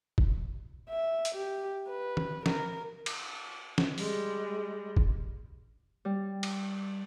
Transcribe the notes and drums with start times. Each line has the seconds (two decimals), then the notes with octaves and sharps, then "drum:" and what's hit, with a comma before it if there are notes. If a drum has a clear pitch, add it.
0.18 drum: kick
0.89 E5
1.25 drum: hi-hat
1.35 G4
1.89 B4
2.17 drum: tom
2.46 A#4, drum: snare
3.06 drum: cymbal
3.78 drum: snare
3.98 G3 G#3, drum: open hi-hat
4.97 drum: kick
6.05 G3
6.43 drum: cymbal